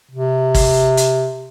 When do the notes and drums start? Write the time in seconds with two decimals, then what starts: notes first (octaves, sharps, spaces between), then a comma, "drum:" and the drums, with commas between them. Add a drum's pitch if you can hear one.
0.11 C3
0.54 drum: kick, open hi-hat
0.97 drum: hi-hat